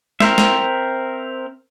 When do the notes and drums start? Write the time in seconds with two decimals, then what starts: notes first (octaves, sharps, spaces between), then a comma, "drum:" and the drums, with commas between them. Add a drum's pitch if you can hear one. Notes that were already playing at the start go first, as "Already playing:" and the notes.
0.20 C4 A#4 C5 E5, drum: snare
0.38 drum: snare